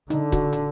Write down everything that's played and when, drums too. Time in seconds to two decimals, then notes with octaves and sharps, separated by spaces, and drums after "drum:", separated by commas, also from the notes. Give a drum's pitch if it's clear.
0.10 D3 D#4, drum: hi-hat
0.32 F#4, drum: kick C#1, hi-hat
0.53 drum: hi-hat